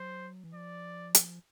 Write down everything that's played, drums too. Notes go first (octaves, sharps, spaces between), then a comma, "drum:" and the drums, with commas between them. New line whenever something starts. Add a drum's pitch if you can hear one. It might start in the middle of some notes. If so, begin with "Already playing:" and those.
Already playing: F#3 C5
E3
F3 D5
drum: hi-hat